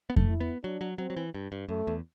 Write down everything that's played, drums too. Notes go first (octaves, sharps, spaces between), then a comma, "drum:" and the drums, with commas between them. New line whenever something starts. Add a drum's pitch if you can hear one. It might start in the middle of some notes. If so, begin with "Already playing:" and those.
B3
A3, drum: kick F2
E4
B3
F#3 D4
F#3
F#3 C4
F#3
E3
G2
G2
F#2 A3
E2